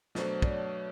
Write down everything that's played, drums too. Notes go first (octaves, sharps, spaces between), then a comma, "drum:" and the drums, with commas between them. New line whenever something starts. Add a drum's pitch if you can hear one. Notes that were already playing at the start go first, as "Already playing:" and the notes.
B2 F#3 A3 D4 C5, drum: snare
D5, drum: kick
C#5